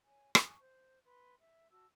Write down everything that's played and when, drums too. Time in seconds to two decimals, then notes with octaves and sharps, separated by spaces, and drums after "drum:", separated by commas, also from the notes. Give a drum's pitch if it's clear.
0.06 C#5 G#5
0.35 G#5 A5 C#6, drum: rim click
0.60 C5
1.05 B4 C6
1.41 E5
1.71 F#4 A5 E6